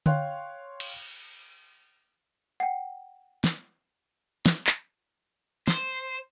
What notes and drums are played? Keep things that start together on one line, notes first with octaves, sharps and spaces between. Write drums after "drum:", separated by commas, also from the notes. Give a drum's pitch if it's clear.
C#5 F5 G5 C6 F#6, drum: tom D3
drum: cymbal
F#5 G5
drum: snare
drum: snare
drum: clap
C5, drum: snare